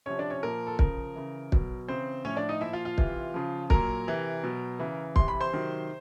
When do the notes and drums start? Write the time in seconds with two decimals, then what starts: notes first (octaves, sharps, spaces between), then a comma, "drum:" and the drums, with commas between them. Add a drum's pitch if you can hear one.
0.06 C3 F3 C#4 C#5
0.19 D4 D5
0.30 C#4 C#5
0.43 A#2 F3 A#4
0.67 A4
0.79 C#3 F3 A#4, drum: kick
1.15 C#3 E3
1.52 B2 F#3, drum: kick
1.88 C#3 E3 C4 C5
2.25 A2 F3 C#4 C#5
2.37 D4 D5
2.49 D#4 D#5
2.61 A#2 F3 E4 E5
2.73 F4 F5
2.85 F4 F5
2.98 C3 E3, drum: kick
3.34 C#3 F3
3.70 A#2 F#3 A#4 A#5, drum: kick
4.07 C3 E3
4.43 B2 F#3
4.79 C#3 E3
5.16 C3 E3 C6, drum: kick
5.28 B5
5.41 C5 C6
5.53 C3 D#3 F#3